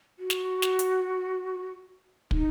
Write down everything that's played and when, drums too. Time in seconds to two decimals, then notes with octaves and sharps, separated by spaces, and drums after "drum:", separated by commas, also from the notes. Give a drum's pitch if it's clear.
0.19 F#4
0.30 drum: snare
0.62 drum: snare
0.79 drum: hi-hat
2.31 D#4, drum: kick